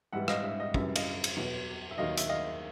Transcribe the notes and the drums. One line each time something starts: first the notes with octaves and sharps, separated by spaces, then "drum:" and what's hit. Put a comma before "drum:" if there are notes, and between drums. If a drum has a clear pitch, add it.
G#2 E3 G3 E5 F#5
D#5 F5, drum: rim click
E5
D#5
F#2 C#3 E3 G3 E5, drum: kick
D#5 F5, drum: cymbal
drum: cymbal
E2 B2 F#3
E5
D#2 D#3 F#3 D#5 F5
E5, drum: hi-hat
D#5 F5